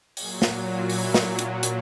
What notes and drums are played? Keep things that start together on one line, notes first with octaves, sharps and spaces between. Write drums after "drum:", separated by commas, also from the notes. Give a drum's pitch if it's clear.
A#2 F#3 G#4, drum: open hi-hat
drum: snare
F#4
E4, drum: open hi-hat
drum: snare
drum: hi-hat
drum: hi-hat